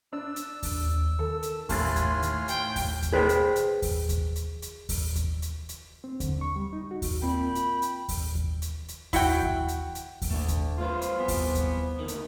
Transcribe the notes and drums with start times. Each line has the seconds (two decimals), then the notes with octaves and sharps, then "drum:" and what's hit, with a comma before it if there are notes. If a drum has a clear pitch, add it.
0.13 D4 E6
0.36 drum: hi-hat
0.63 drum: kick D#2, open hi-hat
0.81 D#2
1.19 D#3 A4
1.43 drum: hi-hat
1.69 D#2 A2 G#5 C6 F6 A6, drum: kick D#2, open hi-hat
1.96 drum: kick D#2, hi-hat
2.22 drum: hi-hat
2.48 G5, drum: hi-hat
2.76 drum: kick D#2, open hi-hat
3.02 drum: kick D#2, hi-hat
3.13 G#4 B4 C5 G5
3.29 drum: hi-hat
3.56 drum: hi-hat
3.82 drum: kick D#2, open hi-hat
4.09 drum: kick D#2, hi-hat
4.36 drum: hi-hat
4.62 drum: hi-hat
4.89 drum: kick D#2, open hi-hat
5.15 drum: kick D#2, hi-hat
5.42 drum: hi-hat
5.69 drum: hi-hat
6.04 C4
6.20 D3, drum: kick D#2, hi-hat
6.41 C#6
6.56 G3
6.73 D#4
6.91 F#4
7.02 drum: kick D#2, open hi-hat
7.22 A#2 C4 G5 B5
7.55 drum: hi-hat
7.82 drum: hi-hat
8.09 drum: kick D#2, open hi-hat
8.35 drum: kick D#2
8.62 drum: hi-hat
8.88 drum: hi-hat
9.13 E4 F#4 F#5 G5, drum: kick D#2, open hi-hat
9.42 drum: kick D#2
9.68 drum: hi-hat
9.95 drum: hi-hat
10.22 drum: kick D#2, open hi-hat
10.31 A3 D4
10.48 drum: kick D#2, hi-hat
10.78 C2 F4 B4 C5
11.02 drum: hi-hat
11.18 E3 F3 B3
11.28 drum: kick D#2, open hi-hat
11.55 drum: kick D#2, hi-hat
11.99 D2 D#3
12.08 drum: hi-hat